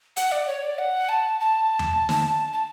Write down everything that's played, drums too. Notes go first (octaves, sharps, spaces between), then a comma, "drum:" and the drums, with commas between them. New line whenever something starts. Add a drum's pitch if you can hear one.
F#5, drum: hi-hat
D5
C#5
D5
F#5
A5
A5
drum: tom E2
drum: snare
A5